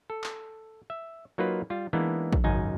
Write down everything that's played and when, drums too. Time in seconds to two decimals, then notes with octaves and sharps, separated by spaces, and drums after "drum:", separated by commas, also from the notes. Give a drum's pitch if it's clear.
0.10 A4
0.24 drum: clap
0.90 E5
1.38 F#3 A#3 D#4 F4 A#4 B4
1.70 G3 F4
1.93 E3 G#3 A#3 B3 D4 D#4
2.33 drum: kick
2.44 G#1 C#2 F#2 D#4 G#5